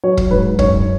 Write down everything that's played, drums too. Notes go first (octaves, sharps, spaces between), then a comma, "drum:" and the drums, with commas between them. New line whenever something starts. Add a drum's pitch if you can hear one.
F#3 C#5
drum: kick
G#2 B4
F#2 C#5, drum: kick